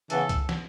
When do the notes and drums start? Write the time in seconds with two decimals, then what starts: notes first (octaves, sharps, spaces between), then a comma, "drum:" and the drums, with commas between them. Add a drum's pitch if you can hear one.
0.10 C#3 E3 B3 A4, drum: hi-hat
0.29 drum: kick C2, hi-hat
0.49 drum: snare